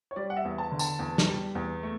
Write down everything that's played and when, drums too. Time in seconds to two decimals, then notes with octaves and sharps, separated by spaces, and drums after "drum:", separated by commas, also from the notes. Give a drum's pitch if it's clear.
0.11 C#5
0.16 G3 D5
0.30 F#5
0.37 E5
0.45 E2
0.58 A5
0.72 D3
0.79 A5, drum: tambourine
0.99 E2
1.18 drum: snare
1.28 G3
1.55 E2
1.83 A3